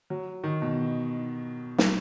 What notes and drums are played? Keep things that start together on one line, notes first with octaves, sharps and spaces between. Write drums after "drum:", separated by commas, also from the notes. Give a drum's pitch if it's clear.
F#3
D#3
B2
drum: snare